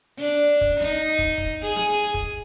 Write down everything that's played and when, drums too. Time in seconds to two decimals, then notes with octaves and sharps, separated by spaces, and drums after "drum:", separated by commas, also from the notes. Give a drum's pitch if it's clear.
0.18 D4
0.61 drum: kick
0.80 D#4, drum: snare
1.19 drum: kick
1.38 drum: kick
1.62 G#4
1.76 drum: snare
2.14 drum: kick